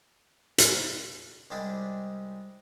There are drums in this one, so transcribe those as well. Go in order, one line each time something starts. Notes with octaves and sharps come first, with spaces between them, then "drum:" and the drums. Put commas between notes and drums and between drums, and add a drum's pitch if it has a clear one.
drum: hi-hat
C2 G3 G#3 D4 E4 D5